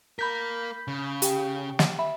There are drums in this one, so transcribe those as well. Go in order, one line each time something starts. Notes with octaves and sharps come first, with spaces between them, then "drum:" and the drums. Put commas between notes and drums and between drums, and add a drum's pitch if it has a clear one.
A#3 A#4 B5 G6 B6
C#3
G4 G5, drum: hi-hat
drum: snare
E5 B5